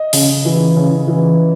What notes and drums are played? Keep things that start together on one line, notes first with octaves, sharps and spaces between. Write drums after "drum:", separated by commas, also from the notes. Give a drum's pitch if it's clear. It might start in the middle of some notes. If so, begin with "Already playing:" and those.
Already playing: D#5
C#3, drum: open hi-hat
E3
C#3
E3